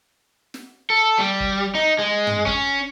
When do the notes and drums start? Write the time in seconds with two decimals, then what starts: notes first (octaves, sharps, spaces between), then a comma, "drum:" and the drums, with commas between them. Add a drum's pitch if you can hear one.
0.54 drum: snare
0.90 A4
1.19 G3
1.40 drum: kick
1.75 D#4
1.99 G#3
2.27 drum: tom
2.46 C#4, drum: kick